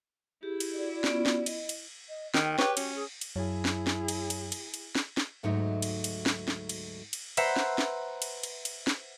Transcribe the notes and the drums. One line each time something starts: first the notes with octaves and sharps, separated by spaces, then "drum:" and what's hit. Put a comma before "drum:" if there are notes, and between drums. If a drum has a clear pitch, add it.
E4 G4 G#4
drum: cymbal
F#4 D5
B3 C#4 F4, drum: snare
drum: snare
D#5, drum: cymbal
drum: cymbal
D#5
D#3 G5, drum: snare
G4 B4 C#5, drum: snare
C#4 F#4, drum: cymbal
G#4
drum: cymbal
F#2 F#3 E4 G#4 C#5
drum: snare
drum: snare
drum: cymbal
drum: cymbal
drum: cymbal
drum: cymbal
drum: snare
drum: snare
D2 G#2 F#3 A3 D#4 E5
drum: cymbal
drum: cymbal
drum: snare
drum: snare
drum: cymbal
drum: cymbal
B4 C5 E5 F#5 A#5 C6, drum: cymbal
drum: snare
drum: snare
drum: cymbal
drum: cymbal
drum: cymbal
drum: snare